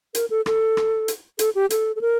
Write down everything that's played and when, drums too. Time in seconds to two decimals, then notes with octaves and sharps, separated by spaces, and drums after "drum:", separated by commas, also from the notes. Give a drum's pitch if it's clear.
0.15 A#4, drum: hi-hat
0.30 A4
0.46 A4, drum: rim click
0.77 drum: rim click
1.08 drum: hi-hat
1.39 A4, drum: hi-hat
1.55 G4
1.70 A4, drum: hi-hat
1.96 A4
2.01 A#4